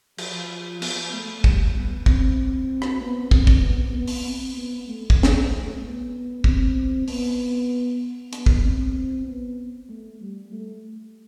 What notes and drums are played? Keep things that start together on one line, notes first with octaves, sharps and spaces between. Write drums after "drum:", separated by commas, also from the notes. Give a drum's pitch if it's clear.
F3, drum: cymbal
B3, drum: cymbal
A3
G3, drum: kick
B3
C4, drum: kick
drum: rim click
B3
C4, drum: kick
drum: kick
B3
B3
drum: open hi-hat
C4
B3
A3
drum: kick
drum: snare
A3
B3
C4, drum: kick
B3, drum: open hi-hat
B3, drum: hi-hat
drum: kick
C4
B3
A3
G3
A3